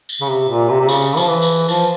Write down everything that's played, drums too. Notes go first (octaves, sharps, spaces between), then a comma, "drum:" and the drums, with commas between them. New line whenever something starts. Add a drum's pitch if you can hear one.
drum: tambourine
C#3
C3
A#2
C3
C3
C#3, drum: tambourine
F3, drum: tambourine
E3
drum: tambourine
F3, drum: tambourine